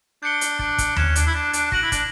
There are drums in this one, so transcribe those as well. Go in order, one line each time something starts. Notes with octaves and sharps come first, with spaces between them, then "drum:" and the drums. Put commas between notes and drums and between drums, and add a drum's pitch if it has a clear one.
D4 G6 C#7 G7
drum: hi-hat
D4, drum: kick
drum: kick, hi-hat
C#4 F#6 C#7 E7, drum: tom D#2
D4, drum: hi-hat
E4
D4
D4, drum: hi-hat
F#4 A#6 D7 F#7, drum: kick
E4
D4, drum: kick, hi-hat